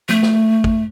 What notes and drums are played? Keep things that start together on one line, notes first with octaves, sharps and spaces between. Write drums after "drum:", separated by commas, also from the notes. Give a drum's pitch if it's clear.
A3, drum: tom F3
drum: snare
drum: kick